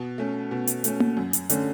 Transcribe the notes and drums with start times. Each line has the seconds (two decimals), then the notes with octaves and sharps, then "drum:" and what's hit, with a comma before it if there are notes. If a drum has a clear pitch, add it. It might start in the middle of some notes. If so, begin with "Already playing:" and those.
Already playing: B2
0.18 A3 C#4
0.51 B2
0.67 drum: hi-hat
0.84 A3 C#4, drum: hi-hat
1.00 drum: tom A#3
1.17 F#2
1.33 drum: hi-hat
1.50 D3 A3 C#4, drum: hi-hat